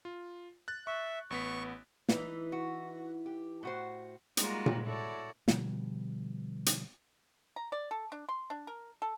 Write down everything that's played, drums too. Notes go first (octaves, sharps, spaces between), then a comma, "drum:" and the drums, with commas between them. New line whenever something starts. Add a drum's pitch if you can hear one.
F4
F#6 A6
E5 C#6
A1 B3 C#6 B6
E3 D#4, drum: snare
F#4
G4
A2 F#4 C5
G3 G#3 A#3 D#4 F4 F#4, drum: hi-hat
drum: tom A#2
E4 F#4 A4 C#5 D5
B2 D3 F3 G3, drum: snare
drum: hi-hat
A#5
D5
A4
D4
C6
D4
A#4
A4